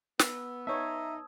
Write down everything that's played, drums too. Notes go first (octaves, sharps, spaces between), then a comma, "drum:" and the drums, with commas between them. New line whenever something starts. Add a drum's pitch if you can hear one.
B3 E6, drum: snare
B3 D#4 C#5 E5 A5 D#6 G#6